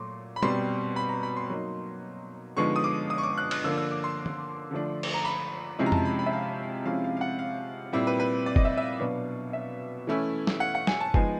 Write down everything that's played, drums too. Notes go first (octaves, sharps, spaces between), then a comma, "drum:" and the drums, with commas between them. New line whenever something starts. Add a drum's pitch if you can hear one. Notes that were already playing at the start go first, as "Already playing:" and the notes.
Already playing: A#2 F#3 A3 C6 D6
B5
B2 G3 C4 C6, drum: tom
B5
A#5
B5
C6
F#3 A#3 D#4
D3 F3 G#3 B3 D#4 C#6
D#6
D6
D#6
C#6
D6
F#6
F#6, drum: cymbal
D3 F3 A#3 D4 E6
E6
D6
C6
drum: tom
D3 F3 A3 D4
drum: cymbal
A#5
B5
C3 F3 G#3 C#4 E4
A#5
A5, drum: tom F2
B5
B5
E5
F5
C3 F3 G#3 C#4 E4 F5
F5
F5
F#5
F5
A#2 G3 C4 E4
B4
B4
D5
D#5, drum: kick
E5
E5
F5
B2 F#3 B3 D4 F5
E5
E3 A3 C#4 E4
drum: snare
F#5
F#5
G#5, drum: snare
A5
F3 G#3 B3 D#4 G#5, drum: kick